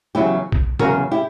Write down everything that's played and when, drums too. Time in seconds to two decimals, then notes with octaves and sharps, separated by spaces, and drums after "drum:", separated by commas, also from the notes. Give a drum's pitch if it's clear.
0.15 E2 C#3 F#3 E4 G4
0.52 drum: kick A#1
0.79 E2 C#3 F#3 F#4 A#4, drum: tom C3
1.11 E4 G4